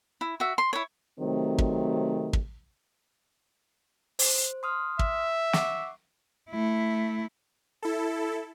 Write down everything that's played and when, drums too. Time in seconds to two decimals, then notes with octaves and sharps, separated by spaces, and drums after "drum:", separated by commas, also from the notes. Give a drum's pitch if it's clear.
0.21 E4
0.40 F#4 E5
0.58 C6
0.73 E4 C#5
1.20 C3 D#3 F#3 A3 C4
1.58 drum: kick
2.33 drum: kick
4.19 C5, drum: open hi-hat
4.63 C6 D#6 F6
4.99 E5, drum: kick
5.53 F#5 C#6 D6, drum: snare
6.51 A3 E4
7.82 E4 A4